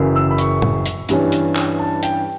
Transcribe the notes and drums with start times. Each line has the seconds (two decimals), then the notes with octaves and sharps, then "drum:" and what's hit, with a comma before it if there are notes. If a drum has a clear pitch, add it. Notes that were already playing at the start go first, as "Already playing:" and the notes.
Already playing: F#1 F#2 C#3 E3
0.16 E6
0.31 B5
0.38 C#6, drum: hi-hat
0.62 drum: tom
0.86 drum: hi-hat
1.09 G2 E3 G3 C#4, drum: hi-hat
1.32 drum: hi-hat
1.56 drum: clap
1.79 A5
2.03 G5, drum: hi-hat